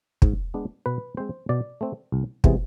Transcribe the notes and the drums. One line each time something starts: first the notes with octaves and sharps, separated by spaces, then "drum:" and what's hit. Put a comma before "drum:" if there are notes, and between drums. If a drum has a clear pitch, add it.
G#2, drum: kick
G#3 B3 D4
B2 B4
G#3 C4 C5
B2 D5
A3 C4
C2
C3 E3 G#3 B3, drum: kick